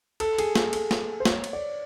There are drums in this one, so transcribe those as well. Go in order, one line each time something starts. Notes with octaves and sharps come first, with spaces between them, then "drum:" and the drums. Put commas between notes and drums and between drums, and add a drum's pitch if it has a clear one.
A4, drum: cymbal
G#4, drum: cymbal
drum: snare A#3
A4, drum: cymbal
drum: snare A#3
C5
C#5, drum: snare A#3
drum: cymbal
D5